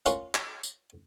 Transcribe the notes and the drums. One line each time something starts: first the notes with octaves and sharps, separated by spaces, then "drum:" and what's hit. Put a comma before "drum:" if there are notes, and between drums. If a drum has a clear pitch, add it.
C#4 F4 A#4 F#5 C6 C#6, drum: tambourine
drum: clap
drum: tambourine